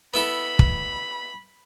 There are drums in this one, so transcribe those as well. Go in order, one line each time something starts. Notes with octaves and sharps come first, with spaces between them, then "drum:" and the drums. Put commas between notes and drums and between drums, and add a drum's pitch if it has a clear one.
B3 E4 A4 B5
drum: kick